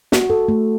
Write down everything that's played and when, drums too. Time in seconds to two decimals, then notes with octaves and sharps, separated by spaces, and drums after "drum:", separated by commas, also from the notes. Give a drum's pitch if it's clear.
0.12 F#4, drum: snare
0.30 A4
0.48 A3